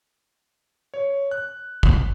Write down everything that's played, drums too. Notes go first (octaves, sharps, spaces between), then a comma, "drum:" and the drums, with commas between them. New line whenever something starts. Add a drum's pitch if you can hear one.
C#5
F#6
drum: kick